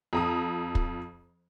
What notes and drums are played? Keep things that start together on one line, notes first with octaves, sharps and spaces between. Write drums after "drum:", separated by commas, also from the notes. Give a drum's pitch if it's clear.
F2 A#5 D#6
drum: kick